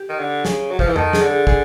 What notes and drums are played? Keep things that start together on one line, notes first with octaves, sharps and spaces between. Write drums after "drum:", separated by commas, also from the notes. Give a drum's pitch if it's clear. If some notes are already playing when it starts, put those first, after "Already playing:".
Already playing: G4
D#3
D3
C#3 G#4, drum: snare
F#3
F3, drum: kick
E3
D#3 A4, drum: tom F2
G#4, drum: snare
D3
G#4
G#4, drum: kick